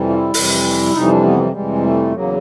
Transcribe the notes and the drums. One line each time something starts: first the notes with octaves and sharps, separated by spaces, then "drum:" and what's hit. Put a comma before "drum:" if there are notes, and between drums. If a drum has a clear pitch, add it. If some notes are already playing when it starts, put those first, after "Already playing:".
Already playing: F2 C3 E3 G3
F4
E4
F2 C3 E3 G3, drum: open hi-hat
F2 C3 E3 G3 D#4
D4
B3
G3
F2 C3 E3 G3 G#3
A3
E2 C#3 F#3 A#3